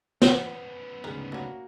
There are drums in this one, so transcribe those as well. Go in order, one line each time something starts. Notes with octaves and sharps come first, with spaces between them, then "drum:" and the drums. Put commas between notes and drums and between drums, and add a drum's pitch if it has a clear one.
B3 C#4 F#5, drum: snare
D2 G#2 C#3 G#4 A#4 B4
A#3 D4 F#4 C#5